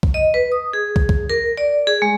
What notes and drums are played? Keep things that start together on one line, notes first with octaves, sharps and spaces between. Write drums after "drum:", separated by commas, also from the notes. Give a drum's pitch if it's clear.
drum: kick
D#5
B4
D#6
G#4
drum: kick
drum: kick
A#4
D5
G#4
G#3